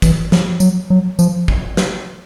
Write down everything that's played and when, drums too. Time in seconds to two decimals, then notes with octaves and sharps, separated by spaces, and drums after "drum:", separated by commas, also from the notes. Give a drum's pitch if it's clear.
0.02 E3, drum: kick, tambourine
0.32 F3, drum: snare
0.60 F#3, drum: tambourine
0.90 F#3
1.19 F3, drum: tambourine
1.48 drum: kick
1.77 drum: snare